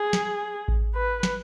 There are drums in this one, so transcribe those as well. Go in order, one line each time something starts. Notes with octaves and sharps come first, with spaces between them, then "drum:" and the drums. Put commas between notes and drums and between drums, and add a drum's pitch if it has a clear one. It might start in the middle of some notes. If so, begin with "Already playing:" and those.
Already playing: G#4
drum: snare
drum: kick A1
B4
drum: snare